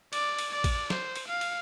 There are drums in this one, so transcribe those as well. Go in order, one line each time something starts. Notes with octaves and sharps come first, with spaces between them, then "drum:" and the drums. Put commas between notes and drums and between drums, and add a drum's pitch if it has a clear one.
D5, drum: cymbal
drum: cymbal
D5
drum: kick A1, cymbal
C5, drum: snare
drum: cymbal
F5
drum: cymbal